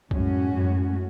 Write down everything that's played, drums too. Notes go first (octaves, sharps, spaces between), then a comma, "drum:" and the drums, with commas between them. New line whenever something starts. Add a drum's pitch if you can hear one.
F#2 A2 G#3 C#4 F#4, drum: kick
F#2